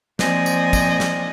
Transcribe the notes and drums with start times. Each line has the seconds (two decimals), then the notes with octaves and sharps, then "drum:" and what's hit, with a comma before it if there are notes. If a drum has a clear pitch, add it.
0.19 F3 A#3 C4 D5 D#5 G#5, drum: snare
0.46 drum: tambourine
0.73 drum: kick, tambourine
1.00 drum: snare